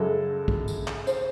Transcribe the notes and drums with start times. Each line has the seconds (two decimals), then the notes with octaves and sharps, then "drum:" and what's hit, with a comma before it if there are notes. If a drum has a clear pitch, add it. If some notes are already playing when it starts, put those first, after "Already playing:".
Already playing: F#2 C#3 G#3 A4
0.48 drum: kick
0.68 drum: tambourine
0.87 drum: clap
1.07 C5, drum: tambourine